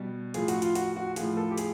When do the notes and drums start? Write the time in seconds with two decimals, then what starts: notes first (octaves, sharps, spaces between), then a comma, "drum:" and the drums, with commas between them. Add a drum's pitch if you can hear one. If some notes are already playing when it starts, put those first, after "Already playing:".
Already playing: B2 G3
0.34 A2 F3 G#4, drum: hi-hat
0.48 F#4, drum: hi-hat
0.62 F4, drum: hi-hat
0.75 F#4, drum: hi-hat
0.96 F#4
1.16 A2 F3 G#4, drum: hi-hat
1.37 A4
1.51 G4
1.58 G#4, drum: hi-hat